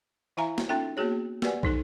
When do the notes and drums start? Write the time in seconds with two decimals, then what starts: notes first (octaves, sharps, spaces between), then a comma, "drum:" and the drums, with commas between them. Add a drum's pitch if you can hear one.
0.37 E3 E4 E5 F5 G#5 A#5
0.58 drum: snare
0.69 C#4 D#4 F4 A4 E5 G5
0.97 A#3 B3 F#4 G#4 C#5
1.42 G4 A#4 B4 D5 F#5 G#5, drum: snare
1.63 E3 D#4 A4, drum: kick